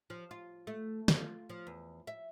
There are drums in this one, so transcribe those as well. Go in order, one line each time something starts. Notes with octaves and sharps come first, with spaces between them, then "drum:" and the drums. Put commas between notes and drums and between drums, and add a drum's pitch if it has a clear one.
F3
F4
A3
F4, drum: snare
F3
E2
E5